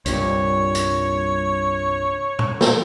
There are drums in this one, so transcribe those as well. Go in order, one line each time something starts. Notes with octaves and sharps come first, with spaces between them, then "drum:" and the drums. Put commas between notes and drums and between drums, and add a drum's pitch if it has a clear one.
C2 G2 A#2 C#5, drum: hi-hat
drum: hi-hat
drum: tom
drum: snare